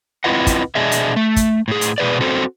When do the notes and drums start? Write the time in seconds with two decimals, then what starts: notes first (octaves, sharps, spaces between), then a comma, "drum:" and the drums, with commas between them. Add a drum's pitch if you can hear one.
0.24 C4 E4 F4 B4 D#5 F#5
0.47 drum: kick, hi-hat
0.75 B2 D4 G#4 D#5 E5
0.92 drum: hi-hat
1.16 A3
1.36 drum: kick, hi-hat
1.68 A2 G#4
1.81 drum: hi-hat
1.98 B2 G#4 B4 D5
2.21 C4 F#4 A4 C5